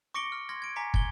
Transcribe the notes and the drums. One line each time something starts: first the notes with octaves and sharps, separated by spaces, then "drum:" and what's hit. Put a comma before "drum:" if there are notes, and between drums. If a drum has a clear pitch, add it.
C#6 D6 A#6 C#7 D7 G7
F6
C6 F6 G#6 A#6
G#6 D7
G#5 A#5 D6 B6 C#7
G#6 G7, drum: kick